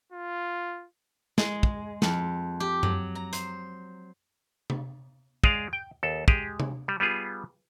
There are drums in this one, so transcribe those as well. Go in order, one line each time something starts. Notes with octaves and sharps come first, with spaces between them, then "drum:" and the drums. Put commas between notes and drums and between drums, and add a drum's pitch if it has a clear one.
F4
G#3, drum: snare
drum: kick
F2, drum: snare
G4
F#3, drum: tom F#2
A#5
C5, drum: hi-hat
drum: tom C3
G#3 G#4 D5 F5, drum: kick
G5
D#2 A4
G#3 G4 G#4, drum: kick
drum: tom C3
G3
G3 B3 F4 G#4